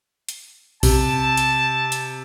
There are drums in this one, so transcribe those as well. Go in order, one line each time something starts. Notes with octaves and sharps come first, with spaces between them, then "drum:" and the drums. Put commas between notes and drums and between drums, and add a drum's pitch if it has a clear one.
drum: hi-hat
C3 A5, drum: kick A#1, open hi-hat
drum: hi-hat
drum: hi-hat